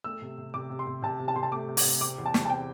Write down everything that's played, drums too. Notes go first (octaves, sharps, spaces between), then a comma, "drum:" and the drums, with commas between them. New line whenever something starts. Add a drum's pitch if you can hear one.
A3 E6
C3
C3
C3 D6
C3
C6
C3
C3 A5
C3
A5
C3 C6
A5
A3 D6
C3
D6, drum: open hi-hat
C3
C4 D6
E2
A5
E2, drum: snare
A5
C4 G5